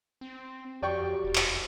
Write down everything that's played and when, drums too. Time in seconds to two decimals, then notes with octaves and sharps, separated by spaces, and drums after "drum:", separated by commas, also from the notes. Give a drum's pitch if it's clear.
0.21 C4
0.82 F2 F#4 G4 D5 G5 C#6
1.24 E1
1.36 drum: clap